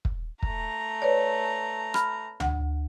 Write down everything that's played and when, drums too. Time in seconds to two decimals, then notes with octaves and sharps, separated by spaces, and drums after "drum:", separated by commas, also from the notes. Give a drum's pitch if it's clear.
0.05 drum: kick
0.43 A3 A#5, drum: kick
1.02 B4 C#5 D5
1.94 B5 F6, drum: rim click
2.40 D2 F#5, drum: tom C#2